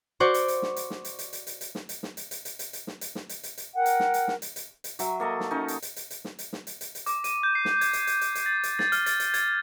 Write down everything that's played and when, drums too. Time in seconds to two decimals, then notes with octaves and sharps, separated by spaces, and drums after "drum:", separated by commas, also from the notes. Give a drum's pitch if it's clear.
0.20 F#4 C5 D5 C#6 D6
0.34 drum: hi-hat
0.48 drum: hi-hat
0.62 drum: snare
0.76 drum: hi-hat
0.90 drum: snare
1.05 drum: hi-hat
1.19 drum: hi-hat
1.33 drum: hi-hat
1.47 drum: hi-hat
1.61 drum: hi-hat
1.75 drum: snare
1.89 drum: hi-hat
2.03 drum: snare
2.17 drum: hi-hat
2.31 drum: hi-hat
2.45 drum: hi-hat
2.59 drum: hi-hat
2.73 drum: hi-hat
2.87 drum: snare
3.01 drum: hi-hat
3.15 drum: snare
3.29 drum: hi-hat
3.43 drum: hi-hat
3.58 drum: hi-hat
3.75 A#4 F#5 G5
3.86 drum: hi-hat
4.00 drum: snare
4.14 drum: hi-hat
4.28 drum: snare
4.42 drum: hi-hat
4.56 drum: hi-hat
4.84 drum: hi-hat
4.99 F#3 E5, drum: hi-hat
5.20 A#3 A4 D#5
5.40 drum: snare
5.51 C#4 D#4
5.68 drum: hi-hat
5.82 drum: hi-hat
5.96 drum: hi-hat
6.10 drum: hi-hat
6.25 drum: snare
6.39 drum: hi-hat
6.53 drum: snare
6.67 drum: hi-hat
6.81 drum: hi-hat
6.95 drum: hi-hat
7.06 D6, drum: hi-hat
7.24 D#7, drum: hi-hat
7.43 G6
7.55 C7
7.65 drum: snare
7.81 G#6, drum: hi-hat
7.93 drum: hi-hat
8.07 drum: hi-hat
8.21 drum: hi-hat
8.35 drum: hi-hat
8.46 A6
8.63 drum: hi-hat
8.79 A6, drum: snare
8.92 F6, drum: hi-hat
9.06 A6, drum: hi-hat
9.20 drum: hi-hat
9.34 G#6, drum: hi-hat